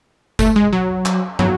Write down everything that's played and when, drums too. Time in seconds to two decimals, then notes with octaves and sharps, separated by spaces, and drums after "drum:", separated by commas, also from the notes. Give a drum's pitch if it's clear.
0.39 A3, drum: kick F#1, tambourine
0.56 G#3
0.73 F#3
1.06 drum: clap
1.39 F#3, drum: tom